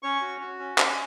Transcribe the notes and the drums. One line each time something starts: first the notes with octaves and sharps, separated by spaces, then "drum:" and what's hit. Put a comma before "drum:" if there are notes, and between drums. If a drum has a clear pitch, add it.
C#4 C#5 C#6
F#4
F#4
C#4
C#4, drum: clap